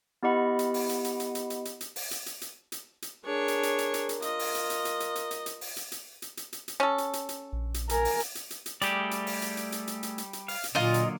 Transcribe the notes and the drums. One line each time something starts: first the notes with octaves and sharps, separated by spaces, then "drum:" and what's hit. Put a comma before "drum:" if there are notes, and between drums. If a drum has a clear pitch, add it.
B3 E4 G4 D#5 F#5 B5
drum: hi-hat
drum: open hi-hat
drum: hi-hat
drum: hi-hat
drum: hi-hat
drum: hi-hat
drum: hi-hat
drum: hi-hat
drum: hi-hat
drum: open hi-hat
drum: hi-hat
drum: hi-hat
drum: hi-hat
drum: hi-hat
drum: hi-hat
D4 G#4 A#4 C#5
drum: hi-hat
drum: hi-hat
drum: hi-hat
drum: hi-hat
drum: hi-hat
F4 D#5, drum: hi-hat
drum: open hi-hat
drum: hi-hat
drum: hi-hat
drum: hi-hat
drum: hi-hat
drum: hi-hat
drum: hi-hat
drum: hi-hat
drum: open hi-hat
drum: hi-hat
drum: hi-hat
drum: hi-hat
drum: hi-hat
drum: hi-hat
drum: hi-hat
C#4 A4
drum: hi-hat
drum: hi-hat
drum: hi-hat
A#1
drum: hi-hat
A#4 G#5, drum: hi-hat
drum: open hi-hat
drum: hi-hat
drum: hi-hat
drum: hi-hat
drum: hi-hat
G3 A3 G4 G#4 D5, drum: hi-hat
drum: hi-hat
drum: open hi-hat
drum: hi-hat
drum: hi-hat
drum: hi-hat
drum: hi-hat
drum: hi-hat
drum: hi-hat
drum: hi-hat
F5, drum: open hi-hat
drum: hi-hat
A#2 D3 F#3 A#3 F4 D#5
drum: hi-hat